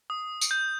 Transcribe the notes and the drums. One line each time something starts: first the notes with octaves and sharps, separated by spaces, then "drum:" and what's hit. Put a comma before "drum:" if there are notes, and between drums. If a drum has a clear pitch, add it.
D#6
drum: tambourine
G6